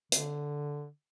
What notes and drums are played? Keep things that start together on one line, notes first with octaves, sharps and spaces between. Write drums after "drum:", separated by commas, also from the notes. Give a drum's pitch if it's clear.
D3, drum: hi-hat